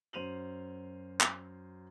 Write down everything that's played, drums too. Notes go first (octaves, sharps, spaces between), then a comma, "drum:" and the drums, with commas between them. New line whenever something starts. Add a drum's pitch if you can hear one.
F#2 C5 D#7 F7 F#7
drum: clap